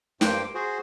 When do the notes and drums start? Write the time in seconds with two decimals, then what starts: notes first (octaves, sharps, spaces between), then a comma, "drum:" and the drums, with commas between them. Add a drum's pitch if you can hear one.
0.21 G2 A#3 C5 G5 D6, drum: snare
0.54 F#4 G#4 C5